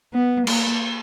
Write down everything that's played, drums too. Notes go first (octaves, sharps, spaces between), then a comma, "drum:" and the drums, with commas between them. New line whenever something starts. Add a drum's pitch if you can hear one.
B3
A#3, drum: cymbal